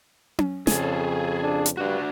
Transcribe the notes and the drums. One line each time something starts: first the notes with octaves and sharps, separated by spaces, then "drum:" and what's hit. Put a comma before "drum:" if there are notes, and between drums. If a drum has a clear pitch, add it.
drum: tom C#4
F2 C#3 G#4 A4, drum: snare
D4
drum: hi-hat
G2 D4 F#4